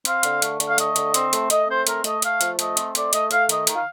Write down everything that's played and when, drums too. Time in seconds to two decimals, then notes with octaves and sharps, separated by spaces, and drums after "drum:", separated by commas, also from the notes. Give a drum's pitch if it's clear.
0.05 C4 F5, drum: hi-hat
0.23 D3, drum: hi-hat
0.42 A3, drum: hi-hat
0.60 D3, drum: hi-hat
0.68 F5
0.78 A3 D#5, drum: hi-hat
0.96 D3, drum: hi-hat
1.14 C4, drum: hi-hat
1.33 A3, drum: hi-hat
1.50 A3 D#5, drum: hi-hat
1.68 C4 C5
1.87 A3 A#4, drum: hi-hat
2.04 A3 D#5, drum: hi-hat
2.22 A3 F5, drum: hi-hat
2.41 F3, drum: hi-hat
2.59 A3 D#5, drum: hi-hat
2.77 C4, drum: hi-hat
2.95 A3 D5, drum: hi-hat
3.13 A3 D#5, drum: hi-hat
3.31 A3 F5, drum: hi-hat
3.49 D#3 D#5, drum: hi-hat
3.67 D#3, drum: hi-hat
3.76 F5